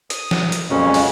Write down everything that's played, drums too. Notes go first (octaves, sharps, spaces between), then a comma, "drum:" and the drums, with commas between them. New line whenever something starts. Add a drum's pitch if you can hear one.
D#6, drum: hi-hat
drum: snare
drum: hi-hat
F2 A#2 C#3 F#3 G#3 C#4
drum: open hi-hat